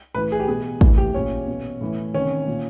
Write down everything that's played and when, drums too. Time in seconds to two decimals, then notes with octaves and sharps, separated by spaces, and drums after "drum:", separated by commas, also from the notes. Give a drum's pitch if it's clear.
0.15 A2 E3 B4
0.32 G#4
0.40 G4
0.48 B2 G#4
0.81 A2 E3, drum: kick
0.98 G4
1.14 A#2 C#4
1.48 B2
1.81 A2 E3
2.14 C3 D#3 C#4
2.47 A#2